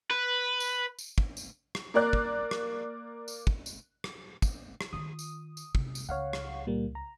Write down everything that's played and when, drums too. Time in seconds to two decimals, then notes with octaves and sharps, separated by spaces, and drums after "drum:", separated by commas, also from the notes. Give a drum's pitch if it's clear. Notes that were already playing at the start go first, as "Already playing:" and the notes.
0.11 B4
0.60 drum: tambourine
0.99 drum: tambourine
1.18 drum: kick
1.37 drum: tambourine
1.75 drum: rim click
1.94 A#3 A#4 D5 F#6
2.13 drum: kick
2.51 drum: rim click
3.28 drum: tambourine
3.47 drum: kick
3.66 drum: tambourine
4.04 drum: rim click
4.42 drum: kick, tambourine
4.81 drum: rim click
4.93 D#3 F4 D#6
5.19 drum: tambourine
5.57 drum: tambourine
5.75 C3, drum: kick
5.95 drum: tambourine
6.09 C#2 C#5 F5 F#5
6.33 drum: rim click
6.67 A#2 G3 A#3
6.95 A#5